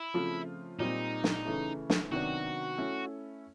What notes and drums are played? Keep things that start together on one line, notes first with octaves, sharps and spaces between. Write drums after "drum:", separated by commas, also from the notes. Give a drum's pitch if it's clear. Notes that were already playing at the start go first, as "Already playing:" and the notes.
Already playing: E4
C#3 F3 A3 C4 F4
A#2 G3 C4 D#4
drum: snare
C#3 E3 A3
drum: snare
C3 D#3 F#3 B3 D4 F#4
A3 C#4 E4 A4